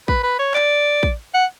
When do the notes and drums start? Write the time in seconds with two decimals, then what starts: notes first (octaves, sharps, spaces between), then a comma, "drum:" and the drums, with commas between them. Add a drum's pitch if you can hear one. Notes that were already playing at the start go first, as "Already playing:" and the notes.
0.08 B4, drum: kick
0.23 B4
0.39 C#5
0.55 D5, drum: clap
1.03 drum: kick
1.34 F#5